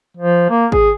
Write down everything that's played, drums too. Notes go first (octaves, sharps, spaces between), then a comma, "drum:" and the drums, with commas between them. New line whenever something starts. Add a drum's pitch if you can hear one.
F3
A#3
G#4, drum: kick G#1